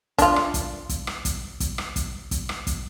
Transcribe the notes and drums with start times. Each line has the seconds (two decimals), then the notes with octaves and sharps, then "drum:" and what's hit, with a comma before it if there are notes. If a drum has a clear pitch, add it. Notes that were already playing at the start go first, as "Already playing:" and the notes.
0.18 D4 F4, drum: kick, hi-hat
0.36 drum: rim click
0.54 drum: kick, hi-hat
0.89 drum: kick, hi-hat
1.07 drum: rim click
1.25 drum: kick, hi-hat
1.60 drum: kick, hi-hat
1.78 drum: rim click
1.96 drum: kick, hi-hat
2.31 drum: kick, hi-hat
2.49 drum: rim click
2.67 drum: kick, hi-hat